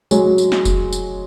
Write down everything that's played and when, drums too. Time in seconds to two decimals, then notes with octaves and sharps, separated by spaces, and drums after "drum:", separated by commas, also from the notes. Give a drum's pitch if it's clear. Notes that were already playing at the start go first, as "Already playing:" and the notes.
0.11 F#3 G#3, drum: tambourine
0.38 drum: tambourine
0.52 drum: snare
0.65 drum: kick F1, tambourine
0.93 drum: tambourine